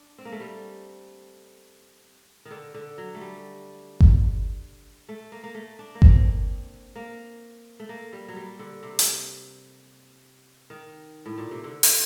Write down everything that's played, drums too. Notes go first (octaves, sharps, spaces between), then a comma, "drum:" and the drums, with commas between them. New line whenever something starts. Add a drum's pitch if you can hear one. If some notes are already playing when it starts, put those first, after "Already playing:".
Already playing: D4
C4
A#3
A3
G3
D#3
D3
D3
F#3
A3
G3
drum: kick G1
A3
A#3
A#3
A3
D4
A#3
C4, drum: kick G1
A#3
A3
A#3
G3
F#3
G3
D3
C3
drum: hi-hat
D#3
A2
A#2
C3
D3
drum: open hi-hat